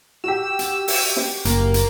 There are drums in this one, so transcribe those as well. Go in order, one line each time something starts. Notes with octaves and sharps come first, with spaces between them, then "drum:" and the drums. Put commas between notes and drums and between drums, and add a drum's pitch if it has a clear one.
F#4 G4 E6
drum: hi-hat
drum: open hi-hat
drum: snare
F#1 A#3, drum: hi-hat
drum: hi-hat